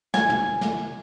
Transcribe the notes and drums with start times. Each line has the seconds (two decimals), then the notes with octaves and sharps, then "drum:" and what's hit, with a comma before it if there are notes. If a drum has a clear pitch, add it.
0.14 G#5, drum: snare
0.30 drum: tom
0.61 drum: snare